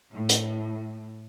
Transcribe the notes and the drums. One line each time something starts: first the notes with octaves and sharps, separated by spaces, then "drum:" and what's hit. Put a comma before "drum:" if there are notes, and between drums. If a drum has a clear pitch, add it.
A2
drum: hi-hat